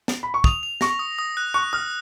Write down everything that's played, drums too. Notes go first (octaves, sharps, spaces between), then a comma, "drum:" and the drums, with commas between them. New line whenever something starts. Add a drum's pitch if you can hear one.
drum: snare
B5
C#6
D#6 F7, drum: kick
F7
C#6 A#6, drum: snare
D#6
D#6
F#6
C#6 F#6
D#6 F6